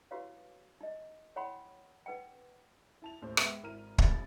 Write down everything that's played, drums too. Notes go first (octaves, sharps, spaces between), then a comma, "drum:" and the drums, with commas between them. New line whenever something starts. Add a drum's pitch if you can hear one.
E4 F#4 G4 B4 C#5 F5
D#4 D#5
E4 C#5 F#5 G5 B5 C6
D#4 B4 F#5 G5
E4 A5 F7
D#2 A2 C5
G#3 B3 E5 G5, drum: rim click
G#1 E4 A#4 F6 D#7
F1 C#2 C3 D#3 B5 A6, drum: kick